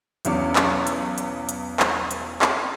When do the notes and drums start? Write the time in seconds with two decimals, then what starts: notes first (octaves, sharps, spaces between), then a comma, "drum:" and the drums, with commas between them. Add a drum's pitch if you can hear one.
0.25 B1 E2 C#4 D6, drum: hi-hat
0.56 drum: clap
0.87 drum: hi-hat
1.18 drum: hi-hat
1.49 drum: hi-hat
1.80 drum: clap
2.11 drum: hi-hat
2.42 drum: clap